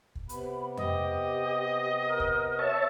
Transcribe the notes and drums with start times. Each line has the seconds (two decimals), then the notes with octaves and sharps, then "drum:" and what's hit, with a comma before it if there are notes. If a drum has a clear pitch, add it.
0.15 drum: kick
0.29 C3 B3 B5, drum: hi-hat
0.77 G4 D#5, drum: tom F2
2.07 A#4
2.20 drum: kick
2.59 C#5 E5 A5